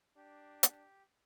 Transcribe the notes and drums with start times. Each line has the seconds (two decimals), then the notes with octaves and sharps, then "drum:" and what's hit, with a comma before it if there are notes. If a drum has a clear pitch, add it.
0.17 D4 G4
0.63 drum: hi-hat